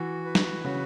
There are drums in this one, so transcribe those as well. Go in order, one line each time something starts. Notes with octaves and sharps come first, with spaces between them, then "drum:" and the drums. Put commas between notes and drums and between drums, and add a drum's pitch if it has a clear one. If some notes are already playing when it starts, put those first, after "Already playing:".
Already playing: E3 F#4
B4
drum: snare
C#3 F#4